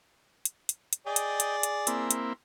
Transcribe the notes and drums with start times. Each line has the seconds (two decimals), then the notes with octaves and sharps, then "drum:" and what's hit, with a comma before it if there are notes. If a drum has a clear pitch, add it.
0.45 drum: hi-hat
0.69 drum: hi-hat
0.93 drum: hi-hat
1.07 G#4 D5 D#5 G5
1.16 drum: hi-hat
1.40 drum: hi-hat
1.63 drum: hi-hat
1.87 A#3 C4 E4, drum: hi-hat
2.11 drum: hi-hat